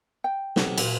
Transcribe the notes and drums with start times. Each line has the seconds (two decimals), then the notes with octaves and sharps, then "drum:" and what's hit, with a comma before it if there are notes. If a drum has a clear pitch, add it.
0.24 G5
0.56 B1 C3, drum: snare
0.78 A#2, drum: cymbal